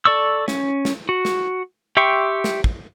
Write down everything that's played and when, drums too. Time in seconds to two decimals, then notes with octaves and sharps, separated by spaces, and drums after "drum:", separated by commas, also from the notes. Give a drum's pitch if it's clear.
0.05 A4 D5 C#6 E6
0.48 C#4, drum: snare
0.85 drum: snare
1.09 F#4
1.25 drum: snare
1.97 G4 E5 G5 C6 C#6
2.44 drum: snare
2.64 drum: kick